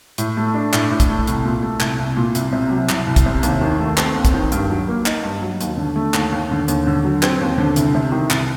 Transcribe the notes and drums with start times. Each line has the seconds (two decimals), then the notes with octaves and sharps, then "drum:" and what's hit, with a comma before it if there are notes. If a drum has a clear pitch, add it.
0.18 A2, drum: hi-hat
0.37 A3
0.54 D4
0.73 A2, drum: clap
0.90 A2
1.00 drum: kick, hi-hat
1.09 A3
1.27 C2, drum: hi-hat
1.45 A#2
1.63 A3
1.80 C2, drum: clap
1.99 C2
2.17 A#2
2.35 C2, drum: hi-hat
2.53 C3
2.71 F#3
2.89 C2, drum: clap
3.07 C2
3.16 drum: kick, hi-hat
3.26 C3
3.43 D#2, drum: hi-hat
3.61 D#3
3.79 A3
3.97 C4, drum: clap
4.15 D#2
4.25 drum: kick, hi-hat
4.34 D#3
4.52 G2, drum: hi-hat
4.70 F#3
4.88 A#3
5.06 D#4, drum: clap
5.23 G2
5.41 F#3
5.61 D#2, drum: hi-hat
5.77 D3
5.96 A3
6.14 D#2, drum: clap
6.32 D#2
6.51 D3
6.68 D#2, drum: hi-hat
6.87 D3
7.04 F#3
7.23 C4, drum: clap
7.41 D#2
7.58 D3
7.76 C2, drum: hi-hat
7.95 C3
8.12 D#3
8.31 C2, drum: clap